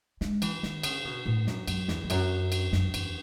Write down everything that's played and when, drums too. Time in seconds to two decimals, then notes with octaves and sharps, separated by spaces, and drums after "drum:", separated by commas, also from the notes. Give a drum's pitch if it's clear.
0.21 G#3, drum: snare
0.42 E3, drum: cymbal
0.63 D#3, drum: snare
0.83 C#3, drum: cymbal
1.05 B2
1.26 A2
1.47 F#2, drum: snare
1.68 F#2, drum: cymbal
1.88 E2, drum: snare
2.04 E2
2.10 F#2, drum: cymbal
2.52 drum: cymbal
2.72 F#2, drum: snare
2.94 E2, drum: cymbal